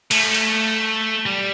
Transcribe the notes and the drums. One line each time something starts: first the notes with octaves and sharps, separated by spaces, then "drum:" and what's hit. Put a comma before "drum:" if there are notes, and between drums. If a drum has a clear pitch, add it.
A3, drum: cymbal
drum: cymbal
G3